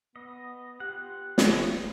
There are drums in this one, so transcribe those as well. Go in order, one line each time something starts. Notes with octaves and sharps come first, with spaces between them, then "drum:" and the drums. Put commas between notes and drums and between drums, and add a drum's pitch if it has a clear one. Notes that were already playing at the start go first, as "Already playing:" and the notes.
B3 D#5
F4 G4 F#5
drum: snare